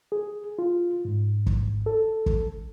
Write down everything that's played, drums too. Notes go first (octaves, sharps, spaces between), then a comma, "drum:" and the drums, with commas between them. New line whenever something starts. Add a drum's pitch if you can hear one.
G#4
F4
G#2
drum: kick
A4
drum: kick